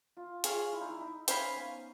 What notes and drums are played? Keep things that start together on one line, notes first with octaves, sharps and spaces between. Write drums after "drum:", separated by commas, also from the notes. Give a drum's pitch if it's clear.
F4
F4 G#4 C#5 F5, drum: hi-hat
E4
D#4
E4
D#4
C#4 C5 F5 G#5 B5, drum: hi-hat
B3